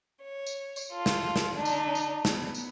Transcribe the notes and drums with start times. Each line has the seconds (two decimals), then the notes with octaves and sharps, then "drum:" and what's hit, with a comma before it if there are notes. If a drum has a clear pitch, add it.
0.23 C#5
0.46 drum: tambourine
0.76 drum: tambourine
0.92 F4 A4
1.06 drum: snare
1.36 drum: snare
1.54 D3 D4 D#4
1.65 drum: tambourine
1.95 drum: tambourine
2.25 B3, drum: snare
2.54 drum: tambourine